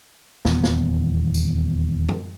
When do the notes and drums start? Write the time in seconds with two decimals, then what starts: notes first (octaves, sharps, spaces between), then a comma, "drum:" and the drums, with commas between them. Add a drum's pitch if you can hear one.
0.45 D#1 E2 B3, drum: snare
0.64 drum: snare
1.34 drum: tambourine
2.09 drum: tom